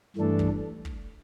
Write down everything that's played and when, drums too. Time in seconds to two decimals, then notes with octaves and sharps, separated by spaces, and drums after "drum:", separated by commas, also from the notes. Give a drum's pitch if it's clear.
0.16 G2 E3 A3 D4 A4
0.39 drum: kick
0.85 drum: kick